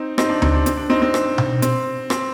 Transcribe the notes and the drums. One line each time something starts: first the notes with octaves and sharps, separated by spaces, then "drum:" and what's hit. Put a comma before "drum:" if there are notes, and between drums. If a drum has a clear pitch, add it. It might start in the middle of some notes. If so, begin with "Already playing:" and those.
Already playing: C4 D#4
C4 D#4, drum: rim click
D4
C4, drum: tom D2
D4
C4, drum: hi-hat
D4
C4 D#4
C4
drum: rim click
drum: tom B2
C4, drum: hi-hat
C4, drum: rim click